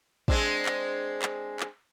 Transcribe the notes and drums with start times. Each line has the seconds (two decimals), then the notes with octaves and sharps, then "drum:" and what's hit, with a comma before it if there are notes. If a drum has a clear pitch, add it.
0.28 G#3 C4 D4, drum: kick
0.66 drum: clap
1.22 drum: clap
1.60 drum: clap